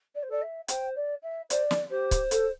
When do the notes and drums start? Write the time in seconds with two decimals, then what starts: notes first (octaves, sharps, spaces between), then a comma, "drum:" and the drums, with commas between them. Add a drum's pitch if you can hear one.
0.15 D5
0.23 C5
0.29 A4 D5
0.42 E5
0.68 C5 G5, drum: hi-hat
0.96 D5
1.23 E5
1.50 C5 D5, drum: hi-hat
1.71 drum: snare
1.90 G4 C5
2.11 drum: kick C#1, hi-hat
2.31 A4, drum: hi-hat